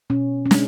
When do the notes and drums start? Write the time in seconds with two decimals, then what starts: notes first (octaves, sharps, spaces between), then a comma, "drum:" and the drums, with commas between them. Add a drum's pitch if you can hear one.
0.10 B2 C#4
0.46 C#4
0.51 G#3 D4, drum: snare